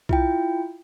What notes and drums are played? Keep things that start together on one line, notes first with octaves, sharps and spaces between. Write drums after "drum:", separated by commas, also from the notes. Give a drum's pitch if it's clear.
E4 F4 G5, drum: kick B1